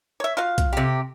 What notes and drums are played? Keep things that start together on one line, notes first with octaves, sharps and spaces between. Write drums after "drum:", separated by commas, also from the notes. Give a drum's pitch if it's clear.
C#5 E5
F4 F#4 F5
drum: kick B1, hi-hat
C3 G4